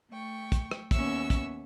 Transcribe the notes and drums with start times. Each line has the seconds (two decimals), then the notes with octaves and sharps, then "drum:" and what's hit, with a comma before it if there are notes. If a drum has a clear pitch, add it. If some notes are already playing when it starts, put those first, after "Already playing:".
0.10 A3 G5 C#6
0.52 drum: kick, hi-hat
0.71 drum: rim click
0.91 D#2 B3 C#4 E5 C#6 E6, drum: kick, hi-hat
1.30 drum: kick, hi-hat